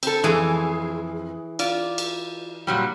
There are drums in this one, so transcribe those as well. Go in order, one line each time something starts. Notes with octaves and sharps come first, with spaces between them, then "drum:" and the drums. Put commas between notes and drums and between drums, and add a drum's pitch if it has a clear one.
C4 A4, drum: cymbal
F2 E3 G#4
F4 D5, drum: cymbal
drum: cymbal
A#2 F#3 G3